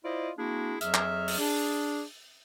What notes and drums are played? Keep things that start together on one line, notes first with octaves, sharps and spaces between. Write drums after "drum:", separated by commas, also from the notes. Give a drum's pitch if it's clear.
E4 F4 C5 D5 D#5
A#3 C4 D4 E4 F#4 G#4
F2 F#3 G#4 E5 F6, drum: hi-hat
drum: clap
drum: open hi-hat
D4 G#4